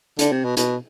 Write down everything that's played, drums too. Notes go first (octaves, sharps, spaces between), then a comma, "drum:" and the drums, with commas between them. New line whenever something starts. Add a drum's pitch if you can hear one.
D3, drum: hi-hat
C3
B2
B2, drum: hi-hat